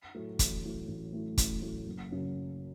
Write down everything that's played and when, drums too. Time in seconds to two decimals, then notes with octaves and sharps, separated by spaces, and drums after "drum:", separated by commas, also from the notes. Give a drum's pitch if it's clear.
0.15 A2 F#3 A3
0.39 A1, drum: kick, hi-hat
0.64 A2 F#3 A3
0.88 A1
1.13 A2 F#3 A3
1.38 A1, drum: kick, hi-hat
1.61 A2 F#3 A3
1.86 F#1
2.11 F#2 C#3 F#3